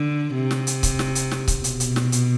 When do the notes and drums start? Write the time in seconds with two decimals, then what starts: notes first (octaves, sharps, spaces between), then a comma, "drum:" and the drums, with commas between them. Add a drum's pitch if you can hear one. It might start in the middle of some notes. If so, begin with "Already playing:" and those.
Already playing: D3
0.34 C3
0.51 drum: snare
0.67 drum: hi-hat
0.83 drum: kick C#1, hi-hat
0.99 drum: snare
1.15 drum: hi-hat
1.31 drum: snare
1.48 drum: kick C#1, hi-hat
1.64 B2, drum: hi-hat
1.80 drum: hi-hat
1.96 drum: snare
2.12 drum: hi-hat